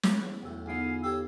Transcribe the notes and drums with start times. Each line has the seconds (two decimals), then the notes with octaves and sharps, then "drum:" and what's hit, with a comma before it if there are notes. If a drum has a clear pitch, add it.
0.03 drum: snare
0.23 E2
0.43 B1 E2 A2 E6
0.66 E2 D3 B3 D#4 F4 F5 G#5
1.04 G4 A4 C#5 E6